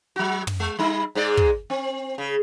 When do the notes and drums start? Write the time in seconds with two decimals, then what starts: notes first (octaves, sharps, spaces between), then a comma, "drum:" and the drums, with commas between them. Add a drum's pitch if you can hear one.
0.16 F#3 F#4
0.47 drum: tom
0.60 G#3
0.79 G3 D#4
1.15 G#2 G#3 D5
1.37 drum: kick
1.70 C4
2.18 C#3